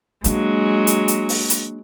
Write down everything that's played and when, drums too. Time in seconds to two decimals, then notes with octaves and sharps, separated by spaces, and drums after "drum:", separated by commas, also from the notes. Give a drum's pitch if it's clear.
0.24 F#3 G#3 A#3 D4, drum: hi-hat
0.87 drum: hi-hat
1.08 drum: hi-hat
1.29 drum: open hi-hat
1.50 drum: hi-hat